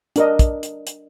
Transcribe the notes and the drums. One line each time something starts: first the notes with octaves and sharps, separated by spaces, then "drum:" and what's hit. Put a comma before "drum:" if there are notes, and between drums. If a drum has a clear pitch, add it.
D4 A#4 D#5, drum: hi-hat
drum: kick, hi-hat
drum: hi-hat
drum: hi-hat